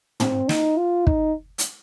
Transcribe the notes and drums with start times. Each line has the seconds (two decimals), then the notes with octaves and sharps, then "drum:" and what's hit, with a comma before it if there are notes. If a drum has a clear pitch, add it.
0.20 C4, drum: tom
0.49 D#4, drum: snare
0.78 F4
1.07 D#4, drum: kick
1.58 drum: hi-hat